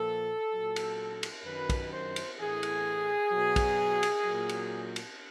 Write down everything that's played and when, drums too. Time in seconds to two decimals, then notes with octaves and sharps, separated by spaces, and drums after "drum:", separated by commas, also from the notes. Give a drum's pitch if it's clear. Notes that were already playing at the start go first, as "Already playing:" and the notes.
Already playing: A#2 F3 A4
0.53 A#2 F#3
0.76 drum: cymbal
1.23 drum: cymbal
1.46 F#2 D#3 F#3 B4
1.70 drum: kick, cymbal
1.93 C5
2.16 drum: cymbal
2.40 A2 E3 G#4
2.63 drum: cymbal
3.32 B2 F#3
3.56 drum: kick, cymbal
4.03 drum: cymbal
4.26 A#2 F#3
4.49 drum: cymbal
4.96 drum: cymbal